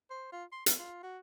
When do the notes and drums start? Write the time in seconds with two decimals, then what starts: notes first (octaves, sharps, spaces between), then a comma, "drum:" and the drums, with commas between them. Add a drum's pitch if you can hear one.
0.10 C5
0.32 F4
0.52 C6
0.66 B3, drum: hi-hat
0.79 F4
1.03 F#4